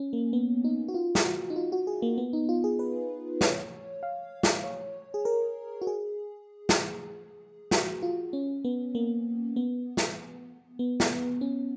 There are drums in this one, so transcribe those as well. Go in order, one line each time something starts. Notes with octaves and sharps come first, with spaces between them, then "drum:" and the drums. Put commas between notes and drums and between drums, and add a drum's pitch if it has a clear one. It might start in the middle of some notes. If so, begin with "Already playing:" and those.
Already playing: C#4
A#3
B3
D#4
F#4
F4
drum: snare
F#4
D#4
F4
F#4
G#4
A#3
B3
D#4
F4
G#4
B4
C#5, drum: snare
F5
drum: snare
C#5
G#4
A#4
F#4
G#4
drum: snare
F#4, drum: snare
F4
C#4
B3
A#3
B3
drum: snare
B3
drum: snare
B3
C#4